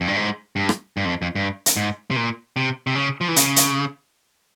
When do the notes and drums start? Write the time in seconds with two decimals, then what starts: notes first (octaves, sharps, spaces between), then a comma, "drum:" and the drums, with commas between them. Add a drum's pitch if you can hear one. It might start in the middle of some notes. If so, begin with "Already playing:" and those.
0.01 F2
0.08 G2
0.17 G#2
0.56 G2
0.69 drum: rim click
0.97 G2
1.05 F2
1.22 F2
1.35 G2
1.66 drum: hi-hat
1.76 G#2
2.10 C3
2.16 A#2
2.56 C3
2.87 C3
2.95 C#3
3.21 F3
3.28 E3
3.36 C#3, drum: hi-hat
3.56 drum: hi-hat